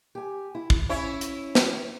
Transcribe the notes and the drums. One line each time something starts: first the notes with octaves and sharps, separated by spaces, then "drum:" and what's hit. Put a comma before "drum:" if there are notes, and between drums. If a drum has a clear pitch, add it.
G4 G#5
E4
drum: kick
C#4 E4 C#5 E5
drum: hi-hat
drum: snare